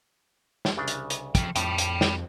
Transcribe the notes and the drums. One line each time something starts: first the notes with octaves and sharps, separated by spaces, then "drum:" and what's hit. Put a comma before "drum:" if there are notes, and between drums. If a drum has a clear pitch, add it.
drum: snare
C2 C#3 D4
drum: hi-hat
drum: hi-hat
F3 G5, drum: kick, hi-hat
F2 A2 G5 B5, drum: hi-hat
drum: hi-hat
drum: snare